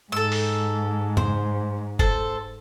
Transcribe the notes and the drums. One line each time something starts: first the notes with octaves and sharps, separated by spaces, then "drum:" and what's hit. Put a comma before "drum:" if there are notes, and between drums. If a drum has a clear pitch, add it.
G#2 A4 E6
drum: open hi-hat
C5, drum: tom F2
A4 C5, drum: kick F#1